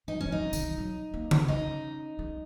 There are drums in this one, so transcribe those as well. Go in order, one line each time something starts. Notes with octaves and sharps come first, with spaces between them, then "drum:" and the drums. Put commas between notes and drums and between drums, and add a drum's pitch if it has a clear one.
F#3 D#4
C#4
F#3
D#4
C#3
C#3, drum: tambourine
D#3
F#3
A#3
C#4, drum: tom C#3
C#4 D#4
G#3